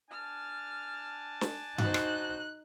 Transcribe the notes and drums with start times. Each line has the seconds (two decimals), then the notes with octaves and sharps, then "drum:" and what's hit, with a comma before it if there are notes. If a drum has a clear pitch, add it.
0.10 D4 G#5 A5 F6
1.41 drum: snare
1.78 D#4 F#4 C5 F#6, drum: tom G2
1.94 drum: rim click